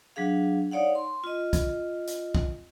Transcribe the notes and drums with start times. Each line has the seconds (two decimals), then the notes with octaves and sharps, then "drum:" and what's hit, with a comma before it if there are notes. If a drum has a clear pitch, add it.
0.16 F#3 D4 G#4 F5
0.71 D#4 C#5 D5 F5 F#5
0.95 C6
1.24 F4 D#5
1.53 drum: kick, hi-hat
2.07 drum: hi-hat
2.35 drum: kick